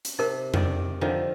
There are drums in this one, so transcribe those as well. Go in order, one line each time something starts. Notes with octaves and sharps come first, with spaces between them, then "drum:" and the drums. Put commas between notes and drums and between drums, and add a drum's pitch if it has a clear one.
drum: hi-hat
C3 D#4 A#4
D#3 D5, drum: tom F2
D3 D#3 F3